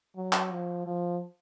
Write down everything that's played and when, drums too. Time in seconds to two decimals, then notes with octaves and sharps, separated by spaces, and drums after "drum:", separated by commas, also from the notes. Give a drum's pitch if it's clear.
0.16 F#3
0.33 drum: clap
0.51 F3
0.86 F3